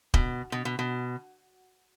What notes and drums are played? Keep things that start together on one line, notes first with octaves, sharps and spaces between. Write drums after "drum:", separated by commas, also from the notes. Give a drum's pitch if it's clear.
B2, drum: kick
B2
B2
B2